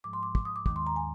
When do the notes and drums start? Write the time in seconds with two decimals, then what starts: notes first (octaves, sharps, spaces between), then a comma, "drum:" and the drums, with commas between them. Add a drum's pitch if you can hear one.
0.04 G#2 F3 G#3 D6
0.13 C6
0.23 D6
0.35 D6, drum: kick
0.45 D#6
0.56 D6
0.66 D#2 D#3 G#3 D6, drum: kick
0.76 C6
0.87 A#5
0.96 G#5